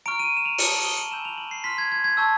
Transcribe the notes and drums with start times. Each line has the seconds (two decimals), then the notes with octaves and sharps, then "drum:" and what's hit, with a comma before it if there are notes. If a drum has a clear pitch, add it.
0.06 A#5 C#6 F6 D7
0.19 D#7
0.37 E7
0.46 F7
0.58 A5 D6 F6 F#7, drum: open hi-hat
0.72 F#7
0.85 G7
0.98 F#7
1.11 G#5 B5 E6 G6 E7
1.25 F7
1.38 F#7
1.51 C7
1.64 C6 F6 B6
1.78 G#6
1.92 G#6
2.04 G#6
2.17 A5 C#6 E6 G6